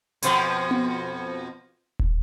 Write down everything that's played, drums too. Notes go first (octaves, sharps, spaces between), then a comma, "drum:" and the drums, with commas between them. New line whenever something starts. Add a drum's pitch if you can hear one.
F2 B2 F3, drum: hi-hat
drum: tom B3
drum: kick D#1